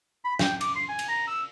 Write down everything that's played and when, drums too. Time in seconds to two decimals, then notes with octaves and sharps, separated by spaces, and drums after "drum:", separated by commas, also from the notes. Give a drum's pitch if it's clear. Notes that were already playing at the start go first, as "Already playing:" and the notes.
0.25 B5
0.39 G5, drum: snare
0.61 D6, drum: cymbal
0.75 C6
0.89 G#5
0.99 drum: cymbal
1.08 A#5
1.27 E6